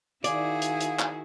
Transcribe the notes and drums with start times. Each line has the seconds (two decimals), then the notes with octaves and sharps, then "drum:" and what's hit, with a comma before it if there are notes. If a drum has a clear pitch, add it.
0.24 D#3 E4 F#4 G#4 D5 F5, drum: hi-hat
0.62 drum: hi-hat
0.80 drum: hi-hat
0.99 drum: clap